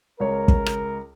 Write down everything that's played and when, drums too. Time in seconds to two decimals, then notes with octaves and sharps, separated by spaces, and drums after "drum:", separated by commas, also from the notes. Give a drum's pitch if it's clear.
0.20 C#2 A#4 C#5
0.48 drum: kick
0.66 drum: rim click